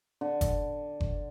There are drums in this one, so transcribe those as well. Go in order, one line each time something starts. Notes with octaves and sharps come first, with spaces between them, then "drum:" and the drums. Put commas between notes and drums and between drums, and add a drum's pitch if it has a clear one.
D3
drum: kick F#1, hi-hat
drum: kick F#1